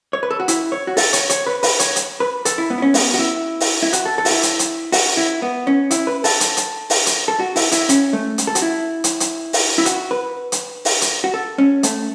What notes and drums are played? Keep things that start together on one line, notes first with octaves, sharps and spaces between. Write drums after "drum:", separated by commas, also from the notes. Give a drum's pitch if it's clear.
C#5
B4
A4
F#4
E4, drum: hi-hat
C#5
F#4
A4, drum: open hi-hat
C#5, drum: hi-hat
C#5, drum: hi-hat
B4
B4, drum: open hi-hat
C#5, drum: hi-hat
drum: hi-hat
B4
A4, drum: hi-hat
E4
B3
E4
C#4
B3, drum: open hi-hat
F#4
E4
drum: open hi-hat
E4
F#4, drum: hi-hat
A4
A4
F#4, drum: open hi-hat
E4
drum: hi-hat
drum: hi-hat
F#4, drum: open hi-hat
E4
B3
C#4
E4, drum: hi-hat
B4
A4, drum: open hi-hat
drum: hi-hat
drum: hi-hat
drum: open hi-hat
drum: hi-hat
A4
F#4
E4, drum: open hi-hat
E4, drum: hi-hat
C#4, drum: hi-hat
A3
drum: hi-hat
A4
F#4, drum: hi-hat
E4
drum: hi-hat
drum: hi-hat
drum: open hi-hat
E4
F#4, drum: hi-hat
B4
drum: hi-hat
drum: open hi-hat
drum: hi-hat
F#4
A4
C#4
A3, drum: hi-hat